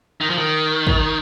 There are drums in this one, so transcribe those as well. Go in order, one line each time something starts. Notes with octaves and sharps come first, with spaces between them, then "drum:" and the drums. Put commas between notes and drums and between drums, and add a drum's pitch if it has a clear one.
D#3
F3
D#3
drum: kick